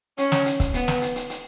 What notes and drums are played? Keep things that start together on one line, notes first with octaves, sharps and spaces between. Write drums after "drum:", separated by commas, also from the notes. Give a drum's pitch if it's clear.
C#4, drum: hi-hat
drum: snare
drum: hi-hat
drum: kick C#1, hi-hat
B3, drum: hi-hat
drum: snare
drum: hi-hat
drum: hi-hat
drum: hi-hat